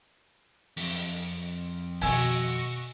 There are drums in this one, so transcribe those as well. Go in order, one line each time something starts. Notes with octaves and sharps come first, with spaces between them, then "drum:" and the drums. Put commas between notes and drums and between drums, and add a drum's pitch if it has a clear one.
F2, drum: open hi-hat
B2 D#3 F#4 D#5 G#5 C#6 E6, drum: open hi-hat